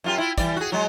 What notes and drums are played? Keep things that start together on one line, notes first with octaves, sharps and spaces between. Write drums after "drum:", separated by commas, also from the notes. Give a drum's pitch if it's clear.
F#2 F4 G4
E4 F4
E3 G3 D5, drum: kick, hi-hat
F#4 G#4
F#3 G#3